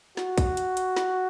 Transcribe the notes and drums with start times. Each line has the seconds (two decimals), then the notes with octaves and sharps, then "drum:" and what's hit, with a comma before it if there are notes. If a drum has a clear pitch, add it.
0.17 F#4, drum: snare
0.38 drum: kick, hi-hat
0.57 drum: hi-hat
0.77 drum: hi-hat
0.97 drum: snare